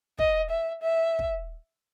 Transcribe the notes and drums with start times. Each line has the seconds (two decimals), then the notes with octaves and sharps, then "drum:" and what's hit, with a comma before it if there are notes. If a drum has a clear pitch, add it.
0.18 D#5, drum: kick
0.50 E5
0.82 E5
1.19 drum: kick